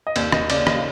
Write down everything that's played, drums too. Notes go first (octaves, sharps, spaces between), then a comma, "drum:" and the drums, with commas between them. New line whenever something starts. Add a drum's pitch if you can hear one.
D#5
D#2 D5, drum: cymbal
D#2 D#5, drum: rim click
C#3 D5, drum: cymbal
D#2 D#5, drum: rim click
F5